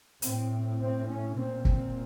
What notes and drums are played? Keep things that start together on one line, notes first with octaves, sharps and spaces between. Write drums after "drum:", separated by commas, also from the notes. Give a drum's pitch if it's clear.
A2 C4, drum: hi-hat
C4
C#4
A#2 C4
C4, drum: kick